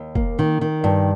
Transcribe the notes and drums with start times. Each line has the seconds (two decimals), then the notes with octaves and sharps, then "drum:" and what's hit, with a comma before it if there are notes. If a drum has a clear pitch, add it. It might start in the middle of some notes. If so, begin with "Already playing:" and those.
Already playing: D#2
0.15 A#3, drum: kick
0.39 D#3
0.61 D#3
0.84 G2